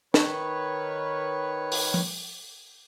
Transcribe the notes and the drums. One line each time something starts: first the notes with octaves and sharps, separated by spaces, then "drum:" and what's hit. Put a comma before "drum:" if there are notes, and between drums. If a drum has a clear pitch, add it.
D#3 B4 C#5, drum: snare
drum: open hi-hat
drum: tom F3